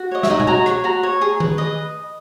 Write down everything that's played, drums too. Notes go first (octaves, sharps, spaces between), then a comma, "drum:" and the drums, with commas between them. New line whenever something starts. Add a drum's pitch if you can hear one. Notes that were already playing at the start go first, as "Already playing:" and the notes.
Already playing: F#4
C#5 D#5
E5, drum: snare
D#4 F#5
G#5, drum: tom B2
F#4 A#5
C#5, drum: rim click
F#4 A#5
C#5
G#4
B4, drum: tom D#3
D#5